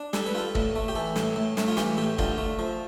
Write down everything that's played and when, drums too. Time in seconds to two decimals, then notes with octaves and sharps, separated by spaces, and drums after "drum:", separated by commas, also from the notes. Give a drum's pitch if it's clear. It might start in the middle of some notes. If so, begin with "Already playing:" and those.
Already playing: D4
0.13 G3 A4, drum: snare
0.26 B4
0.35 F4 A4
0.55 A2, drum: kick
0.76 A3
0.88 G4
0.95 E3 A4
1.16 A2, drum: snare
1.36 A2
1.57 A3, drum: snare
1.68 F4
1.77 E3 G4, drum: snare
1.97 A2 G4
2.18 D3 F4, drum: kick
2.38 A3
2.59 F3